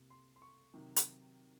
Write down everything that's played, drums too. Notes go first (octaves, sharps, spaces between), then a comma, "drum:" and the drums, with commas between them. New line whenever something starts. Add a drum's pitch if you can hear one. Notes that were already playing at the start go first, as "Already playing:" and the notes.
Already playing: C2 C3 G3 A#3
C6
C6
C#6
C3 D#3 F#3
drum: hi-hat